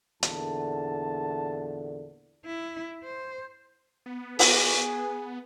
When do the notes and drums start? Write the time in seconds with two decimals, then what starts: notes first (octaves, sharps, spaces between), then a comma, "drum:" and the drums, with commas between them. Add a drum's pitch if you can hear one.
0.23 E2 A#2 D3 A5, drum: hi-hat
2.46 E4
3.04 C5
4.06 B3
4.39 G#4, drum: open hi-hat